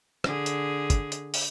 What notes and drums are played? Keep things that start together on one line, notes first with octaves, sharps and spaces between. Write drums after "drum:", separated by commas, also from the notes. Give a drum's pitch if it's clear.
D3 G#4, drum: rim click
drum: hi-hat
drum: kick, hi-hat
drum: hi-hat
drum: open hi-hat